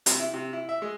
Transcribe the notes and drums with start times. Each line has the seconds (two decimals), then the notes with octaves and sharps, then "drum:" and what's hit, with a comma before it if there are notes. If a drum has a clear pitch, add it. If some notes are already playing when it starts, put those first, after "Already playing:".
0.06 C3, drum: hi-hat
0.19 E4
0.33 C3
0.53 E4
0.69 E5
0.82 G#3